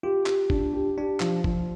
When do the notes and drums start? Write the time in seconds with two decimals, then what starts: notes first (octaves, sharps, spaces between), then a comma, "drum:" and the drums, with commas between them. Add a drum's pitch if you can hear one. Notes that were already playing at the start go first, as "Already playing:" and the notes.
0.03 F4 G4
0.26 G4, drum: clap
0.50 D4, drum: kick G1
0.73 G4
0.98 D4 G4
1.20 F3, drum: clap
1.44 F3, drum: kick G1